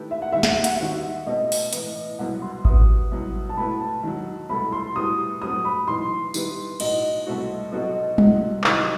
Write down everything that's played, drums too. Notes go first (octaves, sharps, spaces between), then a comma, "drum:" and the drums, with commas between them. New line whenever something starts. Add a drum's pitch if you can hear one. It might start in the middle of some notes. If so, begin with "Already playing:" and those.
Already playing: D#3 A3 E4 G4 B4
E5
F#5
D#2 D#3 G3 E5
F#5, drum: snare
E5
F#5, drum: hi-hat
E5
D#2 D#3 G3 C4 F#4
B2 A3 C4 D#5
drum: open hi-hat
A2 E3 B3, drum: hi-hat
C2 B2 F#3 F#5
C6
C3 F#3 B3 D#6, drum: kick G#1
C2 B2 F#3
A5
B2 A3 E4 B4 B5
A5
D#2 D#3 F#3
C2 B2 A3 E4 A4 B5
C6
A2 G3 B3 F#4 D#6
G2 F#3 A3 C4 D#6
B5
B1 A2 E3 C6
D#3 G3 B3 E4 B4, drum: tambourine
B1 A2 F#3 D#5, drum: cymbal
C2 B2 A3 C4 F#4
B2 F#3 C4 F#4 A4 D#5
D#5
C2 C3 F#3 D#5, drum: tom G3
C2 C3 D#3 F#3 D#5, drum: clap